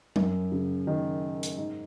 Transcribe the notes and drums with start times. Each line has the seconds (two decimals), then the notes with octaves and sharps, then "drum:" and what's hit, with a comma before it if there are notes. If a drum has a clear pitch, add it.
0.16 F#2, drum: tom G3
0.52 C#3
0.87 D#3
1.43 drum: hi-hat
1.58 G#2